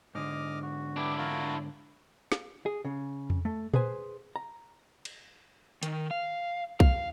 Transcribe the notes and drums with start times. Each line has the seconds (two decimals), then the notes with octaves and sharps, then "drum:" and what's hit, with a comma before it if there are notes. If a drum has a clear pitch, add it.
0.15 G#2 D3 D#5 D6 F6
0.63 F#4
0.96 B3 D4 E4 G4
1.18 F4 F#4 A#4
2.32 drum: snare
2.66 G#4
2.85 C#3
3.30 drum: tom E2
3.45 A3
3.74 G#4 B4 C5 G#5, drum: tom A#2
4.36 A#5
5.05 drum: cymbal
5.83 D#3, drum: hi-hat
6.11 F5
6.80 F5, drum: kick B1